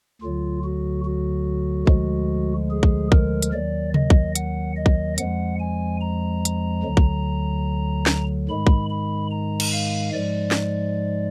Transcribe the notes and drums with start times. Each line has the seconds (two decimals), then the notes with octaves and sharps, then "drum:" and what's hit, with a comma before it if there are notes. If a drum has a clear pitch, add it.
0.22 D2 D3 F#3 F4
0.64 F#4
1.05 F#4
1.87 D2 D3 F3 G#3, drum: kick A#1
2.71 G#4
2.83 drum: kick A#1
3.12 A#4, drum: kick A#1
3.42 drum: hi-hat
3.53 D#2 D#3 F#3 D5
3.94 D#5, drum: tom C3
4.10 drum: kick A#1
4.35 F#5, drum: hi-hat
4.76 D#5
4.86 drum: kick A#1
5.18 F2 F3 G#3 F#5, drum: hi-hat
5.59 G#5
6.01 A#5
6.45 drum: hi-hat
6.83 D2 D3 F#3
6.97 drum: kick A#1
8.06 drum: snare
8.49 G#2 D#3 G#3 B5
8.67 drum: kick A#1
8.90 B5
9.31 A#5
9.60 drum: cymbal
9.72 F5
10.14 G#2 F3 G#3 D5
10.51 drum: snare